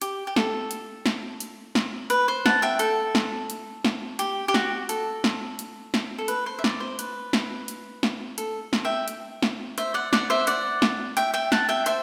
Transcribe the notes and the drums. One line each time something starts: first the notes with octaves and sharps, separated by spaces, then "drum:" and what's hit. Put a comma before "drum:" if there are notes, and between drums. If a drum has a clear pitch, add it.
G4, drum: hi-hat
G4
A4, drum: snare
drum: hi-hat
drum: snare
drum: hi-hat
drum: snare
B4, drum: hi-hat
C5
F#5 A5, drum: snare
E5 G5
A4, drum: hi-hat
drum: snare
drum: hi-hat
drum: snare
G4, drum: hi-hat
G4
F#4, drum: snare
A4, drum: hi-hat
drum: snare
drum: hi-hat
drum: snare
A4
B4, drum: hi-hat
C5
E5
D5, drum: snare
C5
B4, drum: hi-hat
drum: snare
drum: hi-hat
drum: snare
A4, drum: hi-hat
drum: snare
E5 G5
drum: hi-hat
drum: snare
C5 E5, drum: hi-hat
D5 F#5
D5 F#5, drum: snare
C5 E5
D5 F#5, drum: hi-hat
drum: snare
E5 G5, drum: hi-hat
E5 G5
F#5 A5, drum: snare
E5 G5
C5 E5, drum: hi-hat